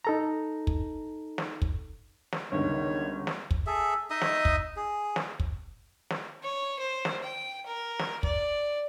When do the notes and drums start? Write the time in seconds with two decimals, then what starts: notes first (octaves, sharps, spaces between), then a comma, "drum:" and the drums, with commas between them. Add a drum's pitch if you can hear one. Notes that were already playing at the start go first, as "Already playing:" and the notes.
0.05 D#4 A4 A#5
0.67 drum: kick
1.38 drum: snare
1.62 drum: kick
2.32 drum: snare
2.52 G1 C#2 D#3 C#5
3.27 drum: snare
3.51 drum: kick
3.67 G#4 A4 E5
4.10 D#4 D#5 E5 D#6
4.21 drum: snare
4.45 drum: kick
4.77 G#4
5.16 drum: snare
5.40 drum: kick
6.10 drum: snare
6.43 C#5
6.79 C5
7.05 drum: snare
7.23 G5
7.66 A#4
7.99 drum: snare
8.23 D5, drum: kick